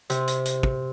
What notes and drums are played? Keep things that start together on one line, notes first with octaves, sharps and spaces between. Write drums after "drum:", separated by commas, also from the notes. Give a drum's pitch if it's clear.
C3, drum: hi-hat
drum: hi-hat
drum: hi-hat
drum: kick